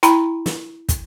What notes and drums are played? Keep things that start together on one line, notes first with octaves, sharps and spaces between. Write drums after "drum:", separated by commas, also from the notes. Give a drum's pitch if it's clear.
E4 G5 A#5 B5, drum: hi-hat
drum: snare
drum: kick, hi-hat